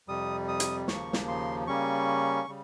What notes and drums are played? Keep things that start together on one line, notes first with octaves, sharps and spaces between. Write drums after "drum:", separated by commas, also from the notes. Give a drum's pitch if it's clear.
F2 C3 G3 D#6
D#6
drum: hi-hat
D#2 C#3 F3 A#3 C#6, drum: snare
drum: snare
C6
C#3 G3 A#3 C#4 C#6
C#3 G3